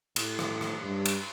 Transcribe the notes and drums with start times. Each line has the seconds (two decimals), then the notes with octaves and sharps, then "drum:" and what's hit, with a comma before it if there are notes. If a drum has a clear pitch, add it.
0.16 A2, drum: cymbal
0.39 drum: rim click
0.61 drum: rim click
0.84 G2
1.06 drum: cymbal